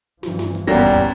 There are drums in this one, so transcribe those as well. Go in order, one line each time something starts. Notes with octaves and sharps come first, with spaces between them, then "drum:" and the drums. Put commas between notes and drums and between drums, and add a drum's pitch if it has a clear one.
G2 E3 F3, drum: snare
drum: snare
drum: hi-hat
G#1 E2 E3 G3 A#3 B3 C#4 A#6
drum: kick, hi-hat